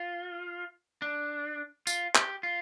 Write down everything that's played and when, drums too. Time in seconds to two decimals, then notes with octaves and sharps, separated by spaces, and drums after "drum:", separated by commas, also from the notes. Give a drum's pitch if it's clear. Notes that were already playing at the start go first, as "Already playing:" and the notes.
Already playing: F4
1.02 D4
1.87 F4, drum: tambourine
2.15 G4, drum: clap
2.43 F4